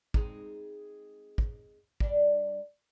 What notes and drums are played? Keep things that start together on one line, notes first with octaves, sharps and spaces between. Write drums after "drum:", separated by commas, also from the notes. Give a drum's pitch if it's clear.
G#3 C4 D#4, drum: kick
drum: kick
G3 D4, drum: kick